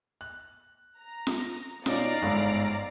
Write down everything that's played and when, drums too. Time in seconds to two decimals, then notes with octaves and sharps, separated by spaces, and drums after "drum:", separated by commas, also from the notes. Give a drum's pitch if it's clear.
0.21 F#6
0.98 A#5
1.27 drum: snare F4
1.86 B2 C#4 D#4 D5 F5 A#5, drum: snare F4
2.22 G1 G#2 A4